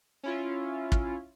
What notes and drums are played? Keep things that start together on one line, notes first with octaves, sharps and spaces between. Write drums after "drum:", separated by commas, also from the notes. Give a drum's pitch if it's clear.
C#4 E4 F4
drum: kick